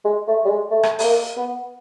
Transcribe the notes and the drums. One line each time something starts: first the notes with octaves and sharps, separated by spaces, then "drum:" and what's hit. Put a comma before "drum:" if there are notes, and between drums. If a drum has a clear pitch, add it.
G#3
A3
G3
G#3
A3
drum: rim click
A3, drum: open hi-hat
A#3
B3